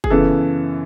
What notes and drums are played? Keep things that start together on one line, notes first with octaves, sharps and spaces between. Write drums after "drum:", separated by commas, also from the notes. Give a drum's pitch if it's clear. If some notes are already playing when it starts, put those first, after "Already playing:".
G#4, drum: kick
F#2 C#3 E3 B3 A4